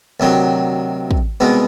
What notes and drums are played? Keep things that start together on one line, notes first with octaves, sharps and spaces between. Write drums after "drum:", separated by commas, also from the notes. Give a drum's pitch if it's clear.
D2 C3 D#3 F#3
drum: kick
C2 B2 G#3 B3